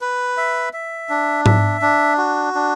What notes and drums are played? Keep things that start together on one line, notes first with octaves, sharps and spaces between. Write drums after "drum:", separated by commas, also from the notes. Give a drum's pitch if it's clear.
B4
E5
E5
D4
E5, drum: tom G#2
D4
F#4
D4